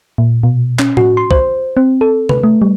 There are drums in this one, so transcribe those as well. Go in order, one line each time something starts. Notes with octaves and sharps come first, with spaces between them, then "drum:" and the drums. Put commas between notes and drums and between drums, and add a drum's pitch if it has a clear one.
A#2
B2
C#4, drum: clap
F#4, drum: tom A2
C6
C5, drum: kick
C4
A4
B4, drum: tom C3
A3
G3